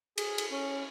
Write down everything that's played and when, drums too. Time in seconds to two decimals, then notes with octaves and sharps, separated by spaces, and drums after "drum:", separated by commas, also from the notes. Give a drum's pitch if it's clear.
0.18 G#4, drum: cymbal
0.38 drum: cymbal
0.51 C#4